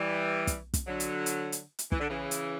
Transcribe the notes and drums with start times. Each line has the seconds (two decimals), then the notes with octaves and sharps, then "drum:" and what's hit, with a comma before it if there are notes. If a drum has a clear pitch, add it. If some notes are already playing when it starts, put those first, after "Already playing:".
Already playing: E3 G3
0.47 drum: kick, hi-hat
0.74 drum: kick, hi-hat
0.87 D3 F#3
1.00 drum: hi-hat
1.26 drum: hi-hat
1.52 drum: hi-hat
1.79 drum: hi-hat
1.92 E3, drum: kick
2.00 D3
2.09 C#3 E3
2.31 drum: hi-hat